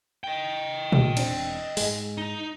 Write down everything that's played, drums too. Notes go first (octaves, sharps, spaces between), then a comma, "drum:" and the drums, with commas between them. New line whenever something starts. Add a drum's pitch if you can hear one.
D#5 G5
A1 D#2, drum: tom A#2
E1 C4 D4, drum: cymbal
G#2 G#3, drum: open hi-hat
D#4 A#5